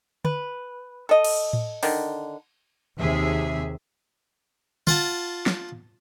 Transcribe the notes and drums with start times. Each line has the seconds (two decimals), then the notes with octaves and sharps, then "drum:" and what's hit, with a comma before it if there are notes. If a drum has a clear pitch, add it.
0.25 B4, drum: tom D3
1.09 A4 D#5
1.24 drum: cymbal
1.53 drum: tom A2
1.83 D3 D#3, drum: open hi-hat
3.00 D#2 C3 G#4 E5
4.87 F4 F#5 A5, drum: tom D3
5.46 drum: snare